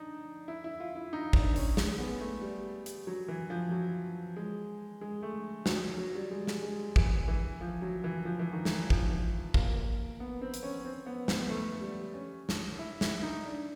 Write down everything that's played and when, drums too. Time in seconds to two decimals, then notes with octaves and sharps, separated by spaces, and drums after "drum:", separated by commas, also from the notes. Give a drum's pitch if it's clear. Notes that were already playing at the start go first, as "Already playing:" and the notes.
Already playing: D4 D#4
0.48 E4
0.64 E4
0.80 F4
0.95 E4
1.13 D#4
1.33 D4, drum: kick
1.56 C#4, drum: open hi-hat
1.77 G#3, drum: snare
1.98 B3
2.20 A3
2.41 G3
2.86 drum: hi-hat
3.07 F#3
3.28 E3
3.50 F3
3.71 F#3
4.36 G#3
5.01 G#3
5.23 A3
5.66 F#3, drum: snare
5.98 F#3
6.15 G3
6.31 G#3
6.47 drum: snare
6.63 G#3
6.96 E3, drum: kick
7.28 E3
7.61 F3
7.82 F#3
8.04 E3
8.25 F3
8.39 E3
8.53 D#3
8.65 E3, drum: snare
8.90 F3, drum: kick
9.54 A#3, drum: kick
10.20 B3
10.42 C4
10.54 drum: hi-hat
10.63 C#4
10.85 C4
11.06 B3
11.28 B3, drum: snare
11.49 A3
11.81 G3
12.14 C#4
12.49 drum: snare
12.79 E4
13.01 E4, drum: snare
13.23 D#4
13.44 D4